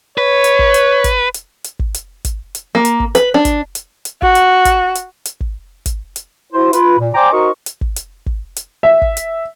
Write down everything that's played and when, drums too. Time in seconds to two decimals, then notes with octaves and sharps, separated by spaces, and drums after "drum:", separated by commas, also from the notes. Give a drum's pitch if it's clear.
0.18 B4 C#5
0.44 drum: hi-hat
0.59 drum: kick
0.74 drum: hi-hat
1.04 drum: kick, hi-hat
1.34 drum: hi-hat
1.64 drum: hi-hat
1.79 drum: kick
1.94 drum: hi-hat
2.25 drum: kick, hi-hat
2.55 drum: hi-hat
2.75 A#3
2.85 drum: hi-hat
3.00 drum: kick
3.15 B4, drum: hi-hat
3.34 D4
3.45 drum: kick, hi-hat
3.75 drum: hi-hat
4.05 drum: hi-hat
4.22 F#4, drum: kick
4.35 drum: hi-hat
4.65 drum: kick, hi-hat
4.95 drum: hi-hat
5.25 drum: hi-hat
5.41 drum: kick
5.86 drum: kick, hi-hat
6.16 drum: hi-hat
6.53 E4 F#4 C5
6.73 F4 B4, drum: hi-hat
6.99 A#2
7.15 C5 D5 G5 G#5 A#5 D6
7.32 D#4 F#4 A#4 C5 D#5 C#6
7.66 drum: hi-hat
7.81 drum: kick
7.96 drum: hi-hat
8.26 drum: kick
8.56 drum: hi-hat
8.83 E5
9.02 drum: kick
9.17 drum: hi-hat